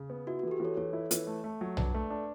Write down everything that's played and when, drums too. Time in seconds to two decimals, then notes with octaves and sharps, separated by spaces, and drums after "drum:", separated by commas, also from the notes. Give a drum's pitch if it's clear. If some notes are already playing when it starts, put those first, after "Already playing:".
Already playing: C#3
0.10 B3
0.27 E4 F#4
0.39 F#4
0.43 E3 A4
0.51 G4
0.60 E3 A4 C#5
0.77 E3 A4 C#5
0.93 E4
1.11 E3, drum: hi-hat
1.27 A3
1.44 A3
1.61 F#3
1.77 D4 B4 D5, drum: tom B1
1.94 A3
2.10 D4